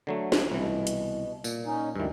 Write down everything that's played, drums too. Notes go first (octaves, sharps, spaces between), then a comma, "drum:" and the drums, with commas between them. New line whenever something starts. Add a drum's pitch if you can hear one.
D3 F#3 A3
drum: snare
C2 B2 E3
drum: hi-hat
A#2, drum: tambourine
C#4 D#4
D2 G2 D#3 E3